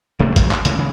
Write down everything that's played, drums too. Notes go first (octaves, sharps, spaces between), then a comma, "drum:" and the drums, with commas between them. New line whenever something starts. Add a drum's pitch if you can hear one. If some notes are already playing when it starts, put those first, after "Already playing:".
C2 C3 A3 A#3
E2 G#2 F#3, drum: kick, hi-hat
D2, drum: clap
C#2 A2 C#3 E3, drum: hi-hat
C#3 E3 G#3